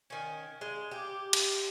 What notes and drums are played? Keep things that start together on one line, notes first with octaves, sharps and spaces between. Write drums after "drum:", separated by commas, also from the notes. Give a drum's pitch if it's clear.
D#3 C#4
G#3
G4
drum: cymbal